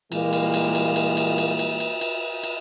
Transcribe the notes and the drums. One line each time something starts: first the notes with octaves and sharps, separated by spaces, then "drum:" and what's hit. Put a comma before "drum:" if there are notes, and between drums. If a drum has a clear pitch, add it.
A#2 E3 G3 G#3 A#3, drum: cymbal
drum: cymbal
drum: cymbal
drum: cymbal
drum: cymbal
drum: cymbal
drum: cymbal
drum: cymbal
drum: cymbal
drum: cymbal
drum: cymbal